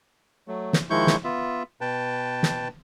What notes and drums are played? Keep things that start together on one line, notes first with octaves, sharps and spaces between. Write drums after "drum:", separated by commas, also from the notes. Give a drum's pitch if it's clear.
F#3 A3
drum: snare
D#3 F3 G#3 E4 C#6 G6
drum: snare
B3 F4 E5
B2 B4 G5 A5
drum: snare